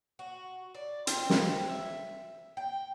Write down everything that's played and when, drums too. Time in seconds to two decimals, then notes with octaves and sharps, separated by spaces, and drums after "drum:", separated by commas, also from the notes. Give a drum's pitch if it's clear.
0.19 F#4
0.75 D5
1.07 C4, drum: hi-hat
1.30 drum: snare
1.69 E5
2.57 G5